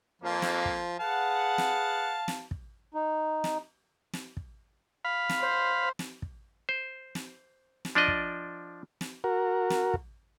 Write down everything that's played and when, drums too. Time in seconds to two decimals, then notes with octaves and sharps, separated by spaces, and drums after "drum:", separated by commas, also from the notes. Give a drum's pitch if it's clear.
0.22 F2 F3 A#3
0.42 drum: snare
0.65 drum: kick
1.00 G#4 B4 F5 F#5 A5
1.58 drum: snare
2.28 drum: snare
2.51 drum: kick
2.94 D#4
3.44 drum: snare
4.13 drum: snare
4.37 drum: kick
5.05 F5 B5
5.29 drum: snare
5.39 C5
5.99 drum: snare
6.22 drum: kick
6.69 C5
7.15 drum: snare
7.85 drum: snare
7.95 F3 D4 D5 D#5
8.08 drum: kick
9.01 drum: snare
9.24 F#4 A#4
9.70 drum: snare
9.94 drum: kick